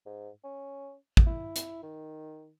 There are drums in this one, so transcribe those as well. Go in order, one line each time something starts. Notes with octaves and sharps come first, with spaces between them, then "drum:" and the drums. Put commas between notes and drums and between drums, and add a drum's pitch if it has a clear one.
G#2
C#4
drum: kick
E4
drum: hi-hat
D#3